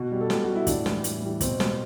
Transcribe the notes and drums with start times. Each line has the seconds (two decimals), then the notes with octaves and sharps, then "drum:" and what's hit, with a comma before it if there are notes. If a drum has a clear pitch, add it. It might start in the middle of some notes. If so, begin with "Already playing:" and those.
Already playing: B2 F#4
0.11 G3
0.21 A4
0.30 B2 G4, drum: snare
0.44 G3 F#4
0.55 E4
0.67 A2 D4, drum: kick, hi-hat
0.86 E3 G3, drum: snare
1.04 A2, drum: hi-hat
1.22 E3 G3
1.41 B2 C4, drum: kick, hi-hat
1.60 G3, drum: snare